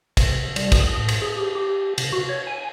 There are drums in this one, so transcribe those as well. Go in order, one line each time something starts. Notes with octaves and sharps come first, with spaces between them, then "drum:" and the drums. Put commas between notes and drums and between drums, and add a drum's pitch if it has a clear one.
C3, drum: kick, cymbal
G3, drum: cymbal
D#6, drum: kick, cymbal
A2
drum: cymbal
G#4
G4
G4
C3, drum: cymbal
F#4
C#5
G#5